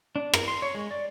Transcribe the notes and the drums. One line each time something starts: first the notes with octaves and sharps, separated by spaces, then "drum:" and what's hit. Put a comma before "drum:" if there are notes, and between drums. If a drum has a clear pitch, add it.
D4
A#4, drum: rim click
C6
C#5
G#3
D5